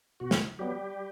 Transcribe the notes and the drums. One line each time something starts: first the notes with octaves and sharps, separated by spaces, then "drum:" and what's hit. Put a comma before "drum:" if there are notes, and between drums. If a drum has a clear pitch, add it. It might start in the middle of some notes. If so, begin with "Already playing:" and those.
B2 F#4
drum: snare
F#3 G3 B3 G4